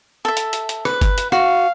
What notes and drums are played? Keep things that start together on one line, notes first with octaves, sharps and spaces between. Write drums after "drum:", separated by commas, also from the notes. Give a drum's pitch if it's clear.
A4 E5
drum: hi-hat
drum: hi-hat
drum: hi-hat
B4, drum: rim click
drum: kick G1, hi-hat
drum: hi-hat
F#4 F5, drum: rim click